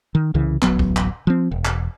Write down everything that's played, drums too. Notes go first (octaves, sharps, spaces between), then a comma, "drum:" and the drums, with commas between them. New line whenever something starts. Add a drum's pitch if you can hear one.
D#3
C2 C#3 E3
D1 A1 F#3 B3, drum: clap
drum: kick
drum: clap
F3 C4
E1
drum: clap